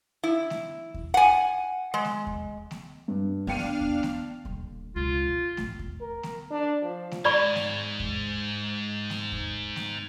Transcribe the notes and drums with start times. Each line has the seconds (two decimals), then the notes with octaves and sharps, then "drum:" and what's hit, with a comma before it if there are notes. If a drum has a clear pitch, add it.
0.24 E4
0.50 drum: snare A3
0.94 drum: kick D#2
1.14 F#5 G#5
1.94 G#3
2.05 drum: snare A3
2.27 drum: kick D#2
2.71 drum: snare A3
3.08 G2
3.47 B3 D4 F5 G5 F6 C#7 D#7
3.59 drum: snare A3
3.81 drum: kick D#2
4.03 drum: snare A3
4.45 D#1 D3, drum: kick D#2
4.96 C#2 C#3 F4
5.28 D3
5.57 A1 A3, drum: snare A3
5.79 drum: kick D#2
6.01 A#4
6.23 drum: snare A3
6.51 D4
6.82 F3
7.11 drum: snare A3
7.25 G#2 D5 B5 C#6
7.56 drum: snare A3
8.00 drum: kick D#2
9.10 drum: snare A3
9.32 drum: kick D#2
9.76 drum: snare A3